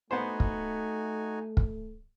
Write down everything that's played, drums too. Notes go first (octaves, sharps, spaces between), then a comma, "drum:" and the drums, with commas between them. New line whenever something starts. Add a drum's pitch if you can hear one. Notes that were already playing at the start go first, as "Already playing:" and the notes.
A3 B3 D#4 F#4 C5 G#5
drum: kick
drum: kick